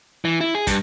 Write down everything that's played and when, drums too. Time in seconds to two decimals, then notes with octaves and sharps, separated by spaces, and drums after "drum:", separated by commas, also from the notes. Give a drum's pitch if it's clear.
0.25 E3
0.41 E4
0.55 G#4
0.67 G2, drum: kick, hi-hat